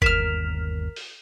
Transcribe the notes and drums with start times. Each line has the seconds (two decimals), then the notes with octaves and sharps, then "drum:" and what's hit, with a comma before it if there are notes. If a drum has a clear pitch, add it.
0.02 G1 D#2 A#4 F6 B6 E7 F7, drum: kick F#1
0.96 drum: open hi-hat